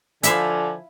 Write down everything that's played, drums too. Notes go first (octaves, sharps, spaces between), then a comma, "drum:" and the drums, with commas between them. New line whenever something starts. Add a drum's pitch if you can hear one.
D3 F3 E4 E5 F5 G#5, drum: hi-hat